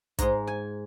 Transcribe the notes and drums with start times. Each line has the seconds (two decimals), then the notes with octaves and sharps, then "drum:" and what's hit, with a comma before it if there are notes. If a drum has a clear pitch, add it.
0.19 G#2 G#3 A#5, drum: kick, hi-hat
0.47 G#5